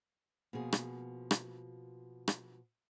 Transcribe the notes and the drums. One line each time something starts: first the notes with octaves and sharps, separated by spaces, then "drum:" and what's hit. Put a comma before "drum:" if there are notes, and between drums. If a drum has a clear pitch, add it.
B2 F3 A#3 G#4
drum: rim click
drum: rim click
drum: rim click